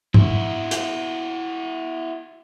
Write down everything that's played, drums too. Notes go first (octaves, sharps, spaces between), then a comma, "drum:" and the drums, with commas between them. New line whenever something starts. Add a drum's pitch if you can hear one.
E4 F#4, drum: tom
drum: hi-hat